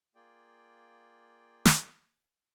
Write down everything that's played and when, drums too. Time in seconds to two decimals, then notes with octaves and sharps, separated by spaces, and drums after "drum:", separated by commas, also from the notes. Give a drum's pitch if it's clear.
0.15 A#3 F4 G#4 D5 G5
1.65 drum: snare